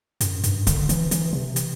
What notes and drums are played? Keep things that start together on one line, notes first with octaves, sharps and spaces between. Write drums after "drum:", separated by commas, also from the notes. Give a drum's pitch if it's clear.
F#2, drum: hi-hat
G2, drum: hi-hat
D3, drum: kick C#1, hi-hat
E3, drum: hi-hat
E3, drum: hi-hat
C3
drum: hi-hat